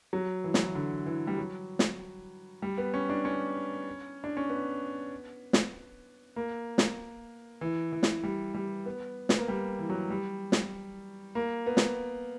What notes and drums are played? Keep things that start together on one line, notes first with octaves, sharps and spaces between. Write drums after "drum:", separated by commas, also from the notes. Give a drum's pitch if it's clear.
F#3
E3
F#3, drum: snare
E3
D3
E3
G3
F#3
drum: snare
G3
B3
C#4
D4
C#4
D4
C#4
B3
drum: snare
A#3
drum: snare
E3
E3
drum: snare
G3
G3
B3
B3, drum: snare
A#3
G3
E3
F#3
G3
drum: snare
A#3
B3
drum: snare